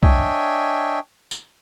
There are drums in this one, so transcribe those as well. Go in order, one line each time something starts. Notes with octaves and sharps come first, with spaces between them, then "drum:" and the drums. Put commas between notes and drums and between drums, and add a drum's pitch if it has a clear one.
D4 C#5 D#5 E5 G5 G#5, drum: kick C2
drum: tambourine